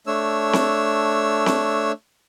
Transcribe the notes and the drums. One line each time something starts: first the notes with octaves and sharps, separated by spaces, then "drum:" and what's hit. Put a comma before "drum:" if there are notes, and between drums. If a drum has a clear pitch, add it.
A3 D4 C#5 E6
drum: snare C4
drum: snare C4